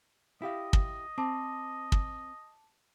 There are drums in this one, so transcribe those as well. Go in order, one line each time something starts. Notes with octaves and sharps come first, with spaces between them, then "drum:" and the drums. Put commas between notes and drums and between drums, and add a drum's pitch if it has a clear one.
E4 G4 D#5 F5
drum: kick
C4 A5 D6
drum: kick